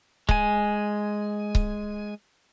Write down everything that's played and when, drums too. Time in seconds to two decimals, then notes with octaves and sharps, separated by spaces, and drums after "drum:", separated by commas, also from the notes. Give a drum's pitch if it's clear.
0.29 G#3 G#5, drum: kick C#1
1.55 drum: kick C#1